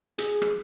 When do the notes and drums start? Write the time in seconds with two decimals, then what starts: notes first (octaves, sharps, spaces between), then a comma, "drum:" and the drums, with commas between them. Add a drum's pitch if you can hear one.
0.18 G#4, drum: hi-hat
0.42 drum: rim click